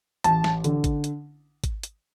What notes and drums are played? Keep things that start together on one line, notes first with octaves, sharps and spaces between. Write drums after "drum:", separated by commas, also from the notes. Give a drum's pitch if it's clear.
A1 A5, drum: hi-hat
drum: snare
D3, drum: hi-hat
drum: kick G#1, hi-hat
drum: hi-hat
drum: kick G#1, hi-hat
drum: hi-hat